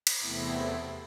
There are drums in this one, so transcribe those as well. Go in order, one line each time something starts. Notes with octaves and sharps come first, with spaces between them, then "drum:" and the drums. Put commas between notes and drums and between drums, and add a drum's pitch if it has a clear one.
drum: cymbal
E2 C3 A3 B3 C4 E4